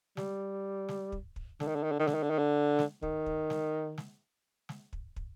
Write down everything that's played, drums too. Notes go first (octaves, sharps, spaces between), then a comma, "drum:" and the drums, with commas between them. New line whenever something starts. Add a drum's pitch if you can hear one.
G3, drum: snare
drum: snare
drum: kick
drum: kick
D3, drum: snare
D#3
D3
D#3
D3
D#3
D3, drum: snare
D#3
D3
D#3
D3
drum: snare
D#3, drum: kick
drum: kick
drum: snare
drum: snare
drum: snare
drum: kick
drum: kick